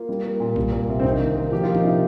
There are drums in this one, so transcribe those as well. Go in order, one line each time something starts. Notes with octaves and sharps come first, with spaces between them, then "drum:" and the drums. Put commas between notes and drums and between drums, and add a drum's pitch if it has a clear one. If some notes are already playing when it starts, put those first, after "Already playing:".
Already playing: A#3 F4
G3
A#3
A#2
G3, drum: kick B1
A#3
C3
C4
A#3 D#4, drum: kick B1
D#3
A#3
F3 G4
A#3 F4
D#4, drum: tom
C3 F4